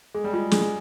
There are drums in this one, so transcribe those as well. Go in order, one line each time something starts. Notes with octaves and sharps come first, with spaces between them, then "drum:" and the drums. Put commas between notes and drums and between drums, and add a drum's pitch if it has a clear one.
G#3 G#4
G3
G#3 F4
G#3 G#4, drum: snare